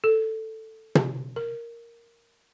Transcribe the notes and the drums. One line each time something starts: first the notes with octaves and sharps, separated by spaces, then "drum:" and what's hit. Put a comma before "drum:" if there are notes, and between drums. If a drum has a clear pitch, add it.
A4
drum: tom
A#4